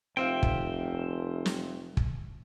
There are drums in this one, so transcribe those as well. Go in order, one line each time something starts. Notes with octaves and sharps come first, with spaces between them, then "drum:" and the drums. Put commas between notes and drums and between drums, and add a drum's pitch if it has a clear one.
F1 C4 F4 E5 G5
drum: kick
drum: snare
drum: kick